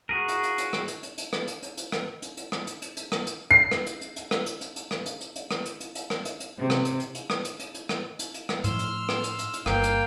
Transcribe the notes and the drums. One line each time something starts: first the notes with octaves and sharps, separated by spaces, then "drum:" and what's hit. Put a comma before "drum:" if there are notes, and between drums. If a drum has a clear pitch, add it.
F#4 G#4 A#4
drum: hi-hat
drum: hi-hat
drum: hi-hat
drum: rim click
drum: hi-hat
drum: hi-hat
drum: hi-hat
drum: rim click
drum: hi-hat
drum: hi-hat
drum: hi-hat
drum: rim click
drum: hi-hat
drum: hi-hat
drum: rim click
drum: hi-hat
drum: hi-hat
drum: hi-hat
drum: rim click
drum: hi-hat
C7
drum: rim click
drum: hi-hat
drum: hi-hat
drum: hi-hat
drum: rim click
drum: hi-hat
drum: hi-hat
drum: hi-hat
drum: rim click
drum: hi-hat
drum: hi-hat
drum: hi-hat
drum: rim click
drum: hi-hat
drum: hi-hat
drum: hi-hat
drum: rim click
drum: hi-hat
drum: hi-hat
C3
drum: rim click
drum: hi-hat
drum: hi-hat
drum: hi-hat
drum: rim click
drum: hi-hat
drum: hi-hat
drum: hi-hat
drum: rim click
drum: hi-hat
drum: hi-hat
drum: rim click
A2 F3 C6 E6 F6, drum: hi-hat
drum: hi-hat
drum: rim click
drum: hi-hat
drum: hi-hat
drum: hi-hat
G1 A#3 F5 G5, drum: rim click
drum: hi-hat